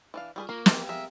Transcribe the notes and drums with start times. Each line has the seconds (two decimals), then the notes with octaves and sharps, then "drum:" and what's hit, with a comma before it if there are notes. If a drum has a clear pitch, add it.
0.14 E3 D4 F5
0.36 G3 F4 G#4 B4 C#6
0.49 A#3 A#4
0.66 D#4 F4 G4 A#4 F5 G5, drum: snare
0.89 G#4 A#4 E5